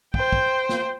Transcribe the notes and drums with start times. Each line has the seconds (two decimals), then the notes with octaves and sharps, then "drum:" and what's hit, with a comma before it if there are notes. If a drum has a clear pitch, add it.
0.14 C5 G5, drum: kick
0.32 drum: kick
0.69 drum: snare